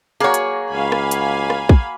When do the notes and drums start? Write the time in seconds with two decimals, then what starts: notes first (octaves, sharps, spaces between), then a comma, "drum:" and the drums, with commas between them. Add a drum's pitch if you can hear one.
0.20 F#3 A#3 G#4 C#5
0.34 drum: hi-hat
0.73 C#2 F5 G#5 B5
0.92 drum: rim click
1.11 drum: hi-hat
1.50 drum: rim click
1.69 drum: kick